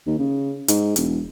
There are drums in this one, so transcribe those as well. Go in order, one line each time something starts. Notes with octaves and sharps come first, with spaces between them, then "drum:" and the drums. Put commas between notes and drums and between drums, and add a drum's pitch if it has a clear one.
D#2
C#3
G#2, drum: hi-hat
E1, drum: hi-hat